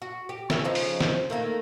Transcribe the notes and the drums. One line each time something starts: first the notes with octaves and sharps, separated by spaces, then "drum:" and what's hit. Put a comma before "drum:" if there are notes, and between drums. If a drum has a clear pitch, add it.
F#4
G4
A3 C#4 E4, drum: snare
C#3 F3 D#4
drum: open hi-hat
drum: snare
D#3 A3 A#3